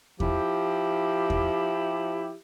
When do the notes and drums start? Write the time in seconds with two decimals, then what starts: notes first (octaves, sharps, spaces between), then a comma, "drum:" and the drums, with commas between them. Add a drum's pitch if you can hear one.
0.20 F3 E4 G4, drum: kick E2
1.30 drum: kick E2